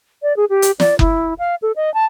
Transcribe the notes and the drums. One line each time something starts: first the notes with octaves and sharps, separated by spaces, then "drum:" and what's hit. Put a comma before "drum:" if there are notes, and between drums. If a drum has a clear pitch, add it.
D5
G#4
G4
drum: hi-hat
D5, drum: snare
E4, drum: kick F#1
F5
A4
D#5
A5